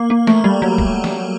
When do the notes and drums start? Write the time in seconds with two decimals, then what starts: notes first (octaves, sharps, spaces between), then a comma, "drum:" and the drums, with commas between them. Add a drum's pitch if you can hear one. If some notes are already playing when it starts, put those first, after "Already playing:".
Already playing: A#3
0.10 A#3
0.27 A3, drum: snare
0.44 G3
0.62 F#3
0.78 drum: kick D1
1.04 drum: snare